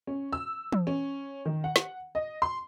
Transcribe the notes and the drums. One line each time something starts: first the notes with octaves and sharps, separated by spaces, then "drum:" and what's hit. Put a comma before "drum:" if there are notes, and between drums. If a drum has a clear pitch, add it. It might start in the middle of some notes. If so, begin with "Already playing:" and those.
C#4
E6
drum: tom
C#4
D#3
F#5
drum: snare
D#5
C6